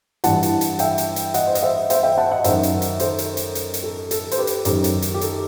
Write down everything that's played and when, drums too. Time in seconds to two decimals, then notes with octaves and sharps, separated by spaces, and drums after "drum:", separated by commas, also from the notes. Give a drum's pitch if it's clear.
0.24 G2 E3 F#5 A5, drum: hi-hat
0.43 drum: hi-hat
0.61 drum: hi-hat
0.79 E5 G5, drum: hi-hat
0.98 drum: hi-hat
1.16 drum: hi-hat
1.34 D#5 F#5, drum: hi-hat
1.47 C5
1.55 D#5, drum: hi-hat
1.63 C5 E5
1.90 C5 E5, drum: hi-hat
2.03 E5 G5
2.18 F#5 A5
2.31 D#5 F#5
2.44 F#2 D#3 C5 E5, drum: hi-hat
2.63 drum: hi-hat
2.82 drum: hi-hat
3.00 A4 C5, drum: hi-hat
3.18 drum: hi-hat
3.37 drum: hi-hat
3.55 drum: hi-hat
3.74 drum: hi-hat
3.83 A4
4.11 A4, drum: hi-hat
4.32 C5, drum: hi-hat
4.38 G4 B4
4.47 drum: hi-hat
4.65 F#2 D#3 G4, drum: hi-hat
4.84 drum: hi-hat
5.02 drum: hi-hat
5.14 G4
5.21 A4, drum: hi-hat